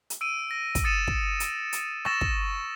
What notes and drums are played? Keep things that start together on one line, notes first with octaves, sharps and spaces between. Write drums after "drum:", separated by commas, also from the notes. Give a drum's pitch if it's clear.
drum: hi-hat
E6 D7 D#7
A#6
drum: kick, hi-hat
D#6 A6 C#7 D#7 E7
drum: kick
drum: hi-hat
drum: hi-hat
C#6 E6 A6 A#6 E7, drum: rim click
drum: kick